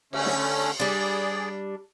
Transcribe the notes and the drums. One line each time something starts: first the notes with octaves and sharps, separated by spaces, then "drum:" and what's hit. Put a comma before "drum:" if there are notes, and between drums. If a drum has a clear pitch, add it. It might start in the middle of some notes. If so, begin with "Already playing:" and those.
D3 A3 C#4, drum: cymbal
drum: snare
G3 D4 G#4 D5